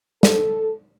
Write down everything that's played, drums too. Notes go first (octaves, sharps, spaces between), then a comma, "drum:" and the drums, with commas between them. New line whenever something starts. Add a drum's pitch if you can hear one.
A4, drum: snare